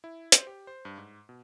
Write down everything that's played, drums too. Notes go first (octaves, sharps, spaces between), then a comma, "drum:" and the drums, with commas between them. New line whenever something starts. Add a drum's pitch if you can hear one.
E4
C5, drum: hi-hat
G4
C5
G2
G#2
B2